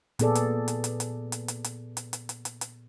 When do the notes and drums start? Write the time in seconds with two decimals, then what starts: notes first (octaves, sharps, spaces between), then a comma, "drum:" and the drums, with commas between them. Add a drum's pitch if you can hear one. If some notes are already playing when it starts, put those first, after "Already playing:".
0.19 A#2 B3 G#4 A4 D5, drum: hi-hat
0.35 drum: hi-hat
0.68 drum: hi-hat
0.84 drum: hi-hat
1.00 drum: hi-hat
1.32 drum: hi-hat
1.48 drum: hi-hat
1.64 drum: hi-hat
1.97 drum: hi-hat
2.13 drum: hi-hat
2.29 drum: hi-hat
2.45 drum: hi-hat
2.61 drum: hi-hat